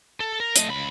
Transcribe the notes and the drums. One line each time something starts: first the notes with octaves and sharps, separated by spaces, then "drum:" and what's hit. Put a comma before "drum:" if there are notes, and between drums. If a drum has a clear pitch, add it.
A4
A#4
A3 D#5, drum: hi-hat
C#2 B5